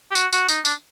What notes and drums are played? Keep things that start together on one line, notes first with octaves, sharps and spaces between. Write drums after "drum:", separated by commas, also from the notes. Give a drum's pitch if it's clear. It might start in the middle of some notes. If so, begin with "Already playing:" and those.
G4
F#4, drum: tambourine
F#4, drum: tambourine
D#4, drum: tambourine
D4, drum: tambourine